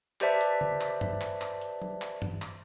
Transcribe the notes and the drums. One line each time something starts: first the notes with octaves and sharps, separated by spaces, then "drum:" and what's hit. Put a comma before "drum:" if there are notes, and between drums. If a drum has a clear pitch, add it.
G4 B4 C5 D5 E5 A5, drum: clap
drum: hi-hat
drum: tom
drum: clap
drum: tom
drum: clap
drum: clap
drum: hi-hat
drum: tom F#3
drum: clap
drum: tom
drum: clap